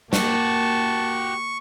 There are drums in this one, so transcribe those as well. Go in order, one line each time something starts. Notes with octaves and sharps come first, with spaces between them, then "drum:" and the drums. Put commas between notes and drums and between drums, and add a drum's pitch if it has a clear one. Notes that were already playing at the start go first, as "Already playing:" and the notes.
A#3 F#4 G4 A5 C#6, drum: snare